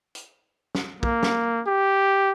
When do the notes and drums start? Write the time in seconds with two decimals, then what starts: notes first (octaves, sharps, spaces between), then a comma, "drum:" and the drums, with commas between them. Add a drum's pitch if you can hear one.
0.15 drum: hi-hat
0.75 drum: snare
1.03 A#3, drum: kick
1.23 drum: snare
1.67 G4